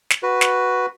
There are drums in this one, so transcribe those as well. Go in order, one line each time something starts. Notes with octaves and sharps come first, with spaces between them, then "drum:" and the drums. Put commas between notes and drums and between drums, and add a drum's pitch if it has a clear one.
drum: snare
F#4 B4
drum: snare